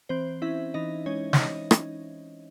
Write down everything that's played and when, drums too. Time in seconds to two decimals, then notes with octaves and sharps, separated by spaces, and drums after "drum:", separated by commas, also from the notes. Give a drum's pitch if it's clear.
0.09 E3 C4 C5
0.42 C#4 E4 E5
0.74 E3 D#4 D#5
1.06 G#3 C#4 C#5
1.33 C#5, drum: snare
1.39 E3 D#4 D#5
1.71 C#4, drum: rim click